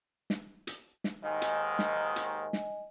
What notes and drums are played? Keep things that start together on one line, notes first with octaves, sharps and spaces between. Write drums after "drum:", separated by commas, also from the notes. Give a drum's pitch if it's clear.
drum: snare
drum: hi-hat
drum: snare
D#2 G#2 D#3 D#5 G#5
drum: hi-hat
drum: snare
drum: hi-hat
drum: snare